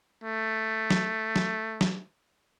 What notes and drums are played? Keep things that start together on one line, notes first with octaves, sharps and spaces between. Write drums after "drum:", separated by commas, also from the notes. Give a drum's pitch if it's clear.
A3
drum: snare F#3
drum: snare F#3
drum: snare F#3